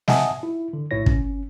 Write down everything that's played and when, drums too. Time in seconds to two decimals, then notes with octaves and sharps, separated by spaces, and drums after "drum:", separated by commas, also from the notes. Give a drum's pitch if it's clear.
0.08 D#5 E5 F#5 G#5 A5 D#6, drum: snare
0.43 E4
0.73 D3
0.91 A#1 A2 E4 C#5 A#6
1.06 C#4, drum: kick